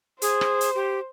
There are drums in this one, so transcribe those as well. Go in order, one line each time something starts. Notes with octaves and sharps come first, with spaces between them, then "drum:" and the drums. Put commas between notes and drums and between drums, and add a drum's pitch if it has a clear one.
G#4 C5, drum: hi-hat
drum: rim click
drum: hi-hat
G4